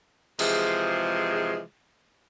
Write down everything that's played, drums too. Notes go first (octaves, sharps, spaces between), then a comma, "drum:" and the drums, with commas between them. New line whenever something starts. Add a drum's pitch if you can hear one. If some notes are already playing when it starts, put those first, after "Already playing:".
C3 E3 F3 G#3 G#4, drum: cymbal